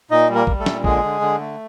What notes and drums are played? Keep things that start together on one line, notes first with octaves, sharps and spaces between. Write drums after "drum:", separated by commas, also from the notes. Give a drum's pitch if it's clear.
A#2 D#4 D#5
G3
A#3 A#4
G3, drum: kick
A3 A4
A#2, drum: snare
D3 G#3 G#4, drum: kick
D3
D3
A3